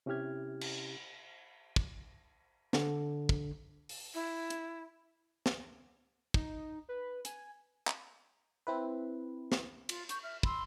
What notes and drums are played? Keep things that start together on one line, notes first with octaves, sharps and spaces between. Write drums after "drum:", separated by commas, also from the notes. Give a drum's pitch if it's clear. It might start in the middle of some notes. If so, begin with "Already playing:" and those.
C3 C#4 E4 G4 F6 G#6
drum: cymbal
drum: kick
D3, drum: snare
drum: kick
drum: open hi-hat
E4
drum: hi-hat
drum: snare
D#4, drum: kick
B4
G#5, drum: hi-hat
drum: clap
C4 E4 B4
drum: snare
F4, drum: cymbal
C#6 G6, drum: hi-hat
E5 F6
B5 C6 E6, drum: kick